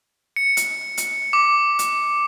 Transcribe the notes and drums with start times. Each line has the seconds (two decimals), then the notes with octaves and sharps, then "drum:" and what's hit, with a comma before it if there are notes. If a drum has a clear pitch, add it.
0.36 C#7
0.57 drum: hi-hat
0.97 drum: hi-hat
1.33 D6
1.79 drum: hi-hat